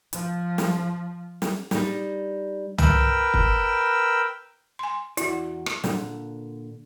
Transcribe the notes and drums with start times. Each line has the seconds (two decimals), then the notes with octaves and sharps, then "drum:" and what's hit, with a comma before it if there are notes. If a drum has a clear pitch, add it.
0.13 F3, drum: hi-hat
0.58 drum: snare
1.42 drum: snare
1.71 G3 D#4, drum: snare
2.78 A#4 B4 G5 E6, drum: tom
3.34 drum: kick
4.79 G#5 C6
5.17 E2 E4 F#4 D5, drum: hi-hat
5.66 drum: rim click
5.84 A#2 D3, drum: snare